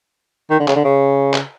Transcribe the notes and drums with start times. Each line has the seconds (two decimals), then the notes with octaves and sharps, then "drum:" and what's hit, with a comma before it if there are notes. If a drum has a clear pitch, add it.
0.50 D#3
0.59 D3
0.68 C#3, drum: clap
0.76 D3
0.84 C#3
1.34 drum: clap